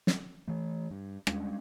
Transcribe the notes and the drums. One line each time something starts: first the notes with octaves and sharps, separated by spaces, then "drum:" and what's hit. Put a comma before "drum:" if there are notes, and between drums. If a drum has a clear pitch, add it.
drum: snare
E3 A3
G2
G3 G#3 C#4 D4, drum: rim click